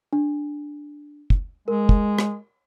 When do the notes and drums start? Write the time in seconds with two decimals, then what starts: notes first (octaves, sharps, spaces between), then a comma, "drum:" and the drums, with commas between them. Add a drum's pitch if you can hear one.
0.13 D4
1.30 drum: kick
1.68 G#3 A#4
1.89 drum: kick
2.19 drum: rim click